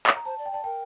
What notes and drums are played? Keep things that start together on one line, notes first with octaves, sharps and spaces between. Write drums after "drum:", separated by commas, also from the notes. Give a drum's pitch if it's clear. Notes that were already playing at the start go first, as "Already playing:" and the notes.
drum: clap
A#5
C5 A5
D5
G5
D5 A5
A#4 G5